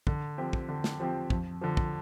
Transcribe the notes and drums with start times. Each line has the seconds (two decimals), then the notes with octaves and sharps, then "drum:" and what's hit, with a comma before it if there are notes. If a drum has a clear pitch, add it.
0.07 D3, drum: kick
0.38 F3 C4 G4
0.53 drum: kick
0.69 D3
0.84 drum: snare
1.00 F3 C4 G4
1.30 F2, drum: kick
1.61 D3 F3
1.77 drum: kick